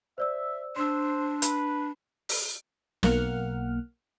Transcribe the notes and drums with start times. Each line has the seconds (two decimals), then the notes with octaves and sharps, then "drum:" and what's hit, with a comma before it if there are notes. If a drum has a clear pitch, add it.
0.18 C5 D5 E5 E6
0.76 D4 C5 C6 E6
1.42 B4, drum: hi-hat
2.29 drum: open hi-hat
3.03 B1 A#3 F#5 F6, drum: snare